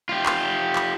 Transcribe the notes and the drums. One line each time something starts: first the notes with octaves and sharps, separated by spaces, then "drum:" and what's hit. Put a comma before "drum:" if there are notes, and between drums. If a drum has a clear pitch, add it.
F4 G4
drum: clap
drum: clap